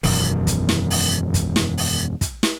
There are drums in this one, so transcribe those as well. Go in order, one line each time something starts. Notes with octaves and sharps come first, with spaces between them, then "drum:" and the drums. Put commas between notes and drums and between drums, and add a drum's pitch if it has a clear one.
E1 F#2 B2 D#3, drum: open hi-hat
drum: kick, hi-hat
drum: snare
drum: open hi-hat
drum: kick, hi-hat
drum: snare
drum: open hi-hat
drum: kick, hi-hat
drum: snare